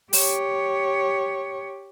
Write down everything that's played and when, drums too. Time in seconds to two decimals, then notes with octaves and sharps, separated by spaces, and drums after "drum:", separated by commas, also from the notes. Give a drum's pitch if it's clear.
0.13 G4 C#5, drum: open hi-hat